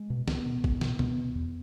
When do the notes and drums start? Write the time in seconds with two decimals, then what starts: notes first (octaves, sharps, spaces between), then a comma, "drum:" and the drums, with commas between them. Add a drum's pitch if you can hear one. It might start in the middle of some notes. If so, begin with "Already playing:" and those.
Already playing: G#3
0.10 B2
0.28 C#2 B3, drum: snare
0.46 B2
0.64 C#2, drum: kick
0.81 B2, drum: snare
0.99 C#2 B3, drum: tom B2
1.18 B2
1.35 E2